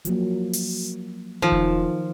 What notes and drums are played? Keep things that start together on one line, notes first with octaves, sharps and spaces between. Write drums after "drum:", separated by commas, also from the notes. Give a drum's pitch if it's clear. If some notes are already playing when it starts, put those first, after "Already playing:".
F3 F#3 A#3, drum: hi-hat
drum: open hi-hat
D#3 F3 F4
drum: kick E1